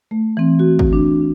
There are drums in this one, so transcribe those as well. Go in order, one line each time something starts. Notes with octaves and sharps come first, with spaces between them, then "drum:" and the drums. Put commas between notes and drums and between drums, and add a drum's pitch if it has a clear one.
A3
E3 C4
F#4
drum: kick
D4